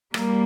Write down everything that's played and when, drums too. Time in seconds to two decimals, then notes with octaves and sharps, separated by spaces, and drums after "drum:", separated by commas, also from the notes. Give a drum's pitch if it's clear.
0.14 G3 A#3, drum: rim click